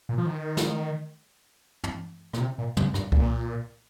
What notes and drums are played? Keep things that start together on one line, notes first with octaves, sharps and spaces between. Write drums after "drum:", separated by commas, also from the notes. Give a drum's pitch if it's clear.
A#2
F3
D#3
drum: snare
drum: tom
A#2, drum: rim click
C3
A#2
G2, drum: tom
G2, drum: rim click
A#2, drum: kick C2